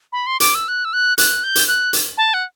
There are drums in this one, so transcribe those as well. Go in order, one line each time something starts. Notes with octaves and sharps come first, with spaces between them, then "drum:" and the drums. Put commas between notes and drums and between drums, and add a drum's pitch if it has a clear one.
B5
C6
D6, drum: hi-hat
E6
F#6
E6
F#6
F#6, drum: hi-hat
G6
drum: hi-hat
F#6
drum: hi-hat
A5
F#5